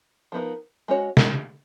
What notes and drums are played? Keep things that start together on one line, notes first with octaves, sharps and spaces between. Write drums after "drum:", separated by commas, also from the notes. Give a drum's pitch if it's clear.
F3 B3 D#4 A#4
G#3 C#4 F#4 C#5
drum: snare